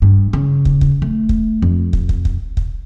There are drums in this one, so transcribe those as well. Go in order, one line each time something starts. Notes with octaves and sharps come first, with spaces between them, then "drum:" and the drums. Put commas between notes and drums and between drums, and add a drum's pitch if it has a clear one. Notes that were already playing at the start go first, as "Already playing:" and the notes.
G2
C#3
drum: kick
drum: kick
A3
drum: kick
F2
drum: kick
drum: kick
drum: kick
drum: kick